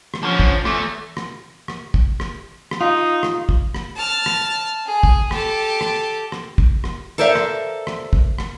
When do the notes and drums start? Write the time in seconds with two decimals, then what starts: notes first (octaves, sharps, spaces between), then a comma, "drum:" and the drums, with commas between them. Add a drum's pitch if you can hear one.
0.14 drum: rim click
0.23 D3 F3 C#4
0.39 drum: kick
0.65 E2 A3, drum: rim click
1.17 drum: rim click
1.68 drum: rim click
1.94 drum: kick
2.20 drum: rim click
2.71 drum: rim click
2.81 D#4 F4
3.23 drum: rim click
3.49 drum: kick
3.75 drum: rim click
3.96 A5 F6
4.26 drum: rim click
4.85 G#4
5.03 drum: kick
5.31 G4 A4, drum: rim click
5.81 drum: rim click
6.32 drum: rim click
6.58 drum: kick
6.84 drum: rim click
7.18 A4 A#4 C5 D5 E5 F5
7.35 drum: rim click
7.87 drum: rim click
8.13 drum: kick
8.38 drum: rim click